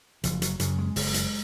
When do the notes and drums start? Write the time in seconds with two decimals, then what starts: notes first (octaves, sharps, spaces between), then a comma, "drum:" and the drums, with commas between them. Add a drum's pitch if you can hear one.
0.24 F#1 F3, drum: hi-hat
0.42 F#3, drum: hi-hat
0.60 F#2 C#3 F#3, drum: hi-hat
0.78 G#3
0.96 F#1, drum: open hi-hat
1.14 drum: hi-hat